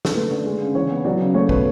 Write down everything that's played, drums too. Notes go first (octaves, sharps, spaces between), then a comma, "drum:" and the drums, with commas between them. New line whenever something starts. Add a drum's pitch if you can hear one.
A4, drum: snare
A3 B4
D3
G#3
C#3
E3 C#5
B3
F#3 D5
C#3
A3 C#5
B2 B4, drum: kick